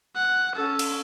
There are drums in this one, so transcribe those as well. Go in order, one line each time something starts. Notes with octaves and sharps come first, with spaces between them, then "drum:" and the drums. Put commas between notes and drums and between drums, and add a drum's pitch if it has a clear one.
F#5
C#4 A4
drum: cymbal